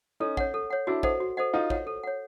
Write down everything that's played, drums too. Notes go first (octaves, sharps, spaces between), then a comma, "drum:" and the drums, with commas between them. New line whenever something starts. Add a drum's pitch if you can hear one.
C#4 D#4 A4
C#5 F#5, drum: kick
A4
C#5 F#5
D4 E4 F#4
A4 C5 D#5 F#5, drum: kick
F#4
A4 C5 D#5 F#5
D#4 F4 A4
C#5 F#5, drum: kick
A4
C#5 F#5